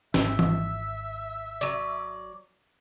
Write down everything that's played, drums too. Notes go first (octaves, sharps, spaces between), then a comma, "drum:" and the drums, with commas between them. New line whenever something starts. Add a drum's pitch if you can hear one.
G#1 E5, drum: snare
drum: tom E3
F#3 D5